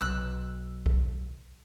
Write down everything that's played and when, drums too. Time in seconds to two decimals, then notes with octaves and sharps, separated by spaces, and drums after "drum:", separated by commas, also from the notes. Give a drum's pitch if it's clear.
0.01 B1 E6 F#6
0.86 drum: kick B1